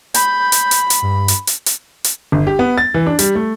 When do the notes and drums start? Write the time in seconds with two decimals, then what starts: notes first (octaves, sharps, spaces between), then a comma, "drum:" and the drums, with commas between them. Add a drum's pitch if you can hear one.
0.14 B5 G6, drum: hi-hat
0.52 drum: hi-hat
0.71 drum: hi-hat
0.90 drum: hi-hat
1.02 G2
1.28 drum: hi-hat
1.47 drum: hi-hat
1.66 drum: hi-hat
2.04 drum: hi-hat
2.32 G1
2.47 G4
2.59 B3
2.78 A6
2.94 E3
3.07 D4
3.19 G3, drum: hi-hat
3.35 A3